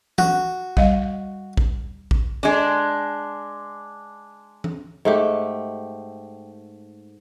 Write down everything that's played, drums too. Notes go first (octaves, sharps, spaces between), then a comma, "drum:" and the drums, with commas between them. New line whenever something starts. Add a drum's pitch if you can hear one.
F#4, drum: tom E3
G3 D#5 F5, drum: kick
drum: kick
drum: kick
G#3 D4
drum: tom E3
G#2 A3 G4